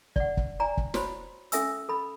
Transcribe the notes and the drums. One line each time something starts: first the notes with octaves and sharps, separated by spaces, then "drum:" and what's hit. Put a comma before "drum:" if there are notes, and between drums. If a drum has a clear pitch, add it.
D5 F#5, drum: kick
drum: kick
D5 G5 G#5 A#5
drum: kick
F#4 C5 C#5 B5, drum: snare
C#4 A4 E5 G#5 E6, drum: hi-hat
A4 B5